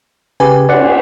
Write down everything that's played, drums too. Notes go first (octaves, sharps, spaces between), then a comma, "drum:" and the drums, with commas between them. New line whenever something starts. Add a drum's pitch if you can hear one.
C#3 G4 B4 G#5
D5 F#5, drum: cymbal